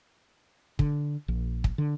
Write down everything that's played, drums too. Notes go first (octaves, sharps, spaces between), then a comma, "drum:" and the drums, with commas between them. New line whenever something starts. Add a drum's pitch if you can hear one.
D3, drum: kick
A#1
drum: kick
D3